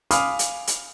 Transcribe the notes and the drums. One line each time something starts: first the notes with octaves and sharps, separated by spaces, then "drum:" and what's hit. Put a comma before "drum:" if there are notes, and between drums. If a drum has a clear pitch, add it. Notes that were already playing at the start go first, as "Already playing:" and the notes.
F5 G#5 B5 D6 D#6 F6, drum: hi-hat
drum: hi-hat
drum: hi-hat